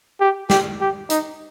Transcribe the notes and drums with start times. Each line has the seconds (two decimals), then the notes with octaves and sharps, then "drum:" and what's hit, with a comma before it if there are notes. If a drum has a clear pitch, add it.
0.20 G4
0.50 G4, drum: snare
0.81 G4
1.10 D#4, drum: hi-hat